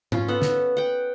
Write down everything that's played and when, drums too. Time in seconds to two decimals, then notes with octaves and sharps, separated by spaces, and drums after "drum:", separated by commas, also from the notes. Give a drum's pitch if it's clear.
0.12 C#4 F4, drum: tom G#2
0.28 B3 A4 F#5
0.42 drum: snare
0.77 F#5 G5